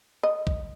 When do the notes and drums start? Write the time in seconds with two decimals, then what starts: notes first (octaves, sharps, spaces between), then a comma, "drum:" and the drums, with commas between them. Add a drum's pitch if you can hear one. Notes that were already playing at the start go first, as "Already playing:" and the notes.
0.23 D#5
0.47 drum: kick